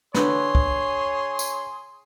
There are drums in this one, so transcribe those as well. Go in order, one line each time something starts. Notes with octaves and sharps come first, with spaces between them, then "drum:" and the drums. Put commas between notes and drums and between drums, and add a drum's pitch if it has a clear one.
D3 G#4 B4 C#5 C6 D#6, drum: snare
drum: kick
drum: tambourine